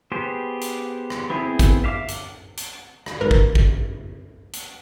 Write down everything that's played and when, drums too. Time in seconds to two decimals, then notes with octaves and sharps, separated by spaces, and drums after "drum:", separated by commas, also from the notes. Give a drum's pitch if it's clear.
0.12 B3 G4 G#4 C5
0.61 drum: hi-hat
1.10 drum: rim click
1.30 B3 C4 E4 G#4
1.59 drum: kick, hi-hat
1.84 E5 F5 D6
2.08 drum: hi-hat
2.57 drum: hi-hat
3.06 drum: rim click
3.21 G#1 A#4 B4
3.31 drum: kick
3.55 drum: kick
4.53 drum: hi-hat